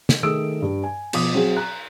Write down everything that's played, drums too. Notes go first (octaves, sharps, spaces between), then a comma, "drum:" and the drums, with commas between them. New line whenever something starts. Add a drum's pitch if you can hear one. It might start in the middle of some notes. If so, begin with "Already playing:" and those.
drum: snare
D#3 A3 G#4 D#6 E6 D7
G2
G#5
B2 F3 D6 D#6, drum: cymbal
F#3 C4 F#4 G#4
A#5 F#6